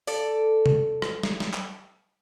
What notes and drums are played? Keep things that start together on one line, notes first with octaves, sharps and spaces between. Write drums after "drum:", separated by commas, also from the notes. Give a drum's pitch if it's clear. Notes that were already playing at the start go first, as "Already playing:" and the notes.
A4 D5, drum: open hi-hat
drum: tom C3
drum: rim click
drum: snare
drum: snare
drum: clap